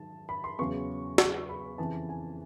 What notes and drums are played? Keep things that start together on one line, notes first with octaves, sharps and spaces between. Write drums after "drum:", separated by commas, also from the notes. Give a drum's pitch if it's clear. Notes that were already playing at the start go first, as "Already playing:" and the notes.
Already playing: G#2 D#3 F#3 A5
B5
C6
E2 C#3 F#3 C#6
C#6, drum: snare
B5
F2 C#3 E3 A5
G#5